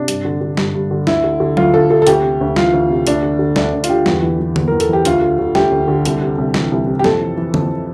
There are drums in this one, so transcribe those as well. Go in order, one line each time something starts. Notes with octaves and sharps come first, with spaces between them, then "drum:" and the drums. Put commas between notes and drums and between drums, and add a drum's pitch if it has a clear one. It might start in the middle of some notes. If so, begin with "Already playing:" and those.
Already playing: C3 D4
G2, drum: hi-hat
D3
D3
G2, drum: snare
G2
D3
D2 E4, drum: snare
D3
D3
D2 F4, drum: tom F#3
D2 A4
D3 A4
A4
D2 G4, drum: hi-hat
C3
D2
E3 F4, drum: snare
D2
C3
D2 D4, drum: hi-hat
D3
D3
D2 D4, drum: snare
D2
F4, drum: hi-hat
D3 G4
E2, drum: snare
E3
E3
E2, drum: tom D3
E2 A#4
A4, drum: hi-hat
E3 G4
D2 F4, drum: hi-hat
D3
D3
D2 G4, drum: snare
D2
D3
C2, drum: hi-hat
C3
C2
E3, drum: snare
C2
C3
G4
F2 A4, drum: snare
E3
E3
F2, drum: tom D3